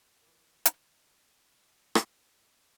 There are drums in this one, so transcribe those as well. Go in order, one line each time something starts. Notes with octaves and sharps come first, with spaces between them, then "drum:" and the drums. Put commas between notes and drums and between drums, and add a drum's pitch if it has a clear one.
A#2 E3
drum: hi-hat
drum: rim click